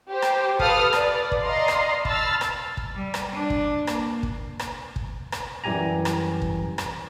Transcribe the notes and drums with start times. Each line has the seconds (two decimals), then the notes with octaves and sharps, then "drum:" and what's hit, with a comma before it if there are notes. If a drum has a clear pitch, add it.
0.10 G4 C5
0.22 drum: rim click
0.59 A4 B4 F5 D#6 F6, drum: kick
0.93 B4 D5, drum: rim click
1.32 drum: kick
1.44 D5 D#5 F5 A#5 C6
1.68 drum: rim click
2.05 A5 B5 E6 F6 A6, drum: kick
2.41 drum: rim click
2.77 drum: kick
2.96 G3
3.14 drum: rim click
3.33 D4
3.50 drum: kick
3.87 A#3, drum: rim click
4.23 drum: kick
4.59 drum: rim click
4.96 drum: kick
5.32 drum: rim click
5.64 F#2 E3 G3 G4 G#5 A#5
6.05 drum: rim click
6.42 drum: kick
6.78 drum: rim click